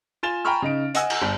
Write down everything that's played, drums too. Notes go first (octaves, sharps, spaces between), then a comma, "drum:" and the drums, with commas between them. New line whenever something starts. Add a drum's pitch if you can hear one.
F4 G#5 A6 E7 G7
G5 G#5 A#5 B5 C#6 F6
C#3 D#4 D7
D#5 F#5 G#5 E6, drum: hi-hat
drum: cymbal
G1